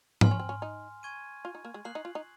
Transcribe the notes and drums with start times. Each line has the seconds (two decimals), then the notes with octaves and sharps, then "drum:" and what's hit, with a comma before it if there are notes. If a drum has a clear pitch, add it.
0.21 D#4 G#5 C6 F6, drum: tom G#2
0.31 C#4
0.39 C4
0.49 C#4
0.62 D#4
1.03 G#5 C#6 G#6 D#7
1.45 F4
1.55 D#4
1.65 A#3
1.74 G#3
1.85 A#3 D#6 F#6 C7 F#7
1.95 D#4
2.05 F4
2.15 D#4